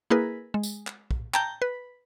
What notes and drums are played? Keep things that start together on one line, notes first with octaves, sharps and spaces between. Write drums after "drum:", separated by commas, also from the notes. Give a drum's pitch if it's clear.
A#3 E4 G#4 A#4 B4
G#3
drum: tambourine
drum: clap
drum: kick
G5 A5 A#5 G6, drum: clap
B4